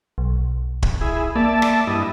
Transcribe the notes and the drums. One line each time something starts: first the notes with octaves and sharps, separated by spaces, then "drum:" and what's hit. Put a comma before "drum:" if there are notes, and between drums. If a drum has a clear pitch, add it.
B1
drum: kick
E4 G#4
A#3 D5 E5 A5
drum: rim click
G2 E4 D#5